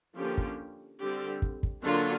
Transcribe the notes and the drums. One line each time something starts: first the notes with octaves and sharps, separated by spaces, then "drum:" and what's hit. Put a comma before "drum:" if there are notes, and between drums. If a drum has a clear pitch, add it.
D3 F3 A#3 C#4 G4
drum: kick
D3 G3 C4 G4
drum: kick
drum: kick
D3 F#3 A#3 D4 F4